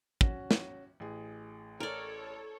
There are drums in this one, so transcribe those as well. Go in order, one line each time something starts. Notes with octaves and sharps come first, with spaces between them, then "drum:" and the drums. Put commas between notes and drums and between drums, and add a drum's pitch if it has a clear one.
C#4 F#4, drum: kick
drum: snare
A1 G#4
A4 A#4 C#5 D5